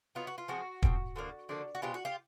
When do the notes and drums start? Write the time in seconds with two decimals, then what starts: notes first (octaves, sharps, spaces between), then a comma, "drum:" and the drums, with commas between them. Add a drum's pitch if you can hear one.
0.15 F#3 B3 D#4 F4
0.27 F#4
0.38 F4
0.48 F3 G#3 C4 F#4
0.83 F3 G#3 C4, drum: kick
1.16 D3 F3 A#3 D4
1.49 D3 F3 A#3 D4
1.75 F#4
1.82 B2 G#3 C4 F4 G4
1.94 F#4
2.05 F4 G4